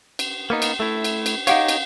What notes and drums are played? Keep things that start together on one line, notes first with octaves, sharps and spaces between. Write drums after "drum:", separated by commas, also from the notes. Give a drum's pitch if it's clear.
drum: cymbal
A#3 B3 D#4
drum: cymbal
A3 E4
drum: cymbal
drum: cymbal
D#4 G4 C#5 F5 F#5 D7, drum: cymbal
drum: cymbal